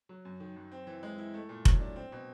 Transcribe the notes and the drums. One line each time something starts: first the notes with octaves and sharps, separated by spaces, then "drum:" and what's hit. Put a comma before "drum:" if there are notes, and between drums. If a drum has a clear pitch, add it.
F#3
F#2
D#3
F#2
C4
E3
G#3
E4
A3
A#2
F#3, drum: kick F1
D4
C4
B2